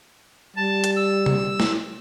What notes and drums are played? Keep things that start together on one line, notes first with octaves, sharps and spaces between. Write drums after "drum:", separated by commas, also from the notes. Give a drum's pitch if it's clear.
G3 A5
drum: hi-hat
E6
drum: tom C3
drum: snare